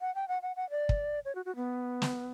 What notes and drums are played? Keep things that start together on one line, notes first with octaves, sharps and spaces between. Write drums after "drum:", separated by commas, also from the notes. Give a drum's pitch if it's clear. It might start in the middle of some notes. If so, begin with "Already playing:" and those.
F#5
G5
F#5
F#5
F#5
D5
drum: kick
C#5
F#4
F#4
B3
drum: snare